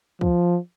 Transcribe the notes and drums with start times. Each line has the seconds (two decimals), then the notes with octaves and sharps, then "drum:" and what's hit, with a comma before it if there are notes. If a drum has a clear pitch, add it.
0.21 F3, drum: kick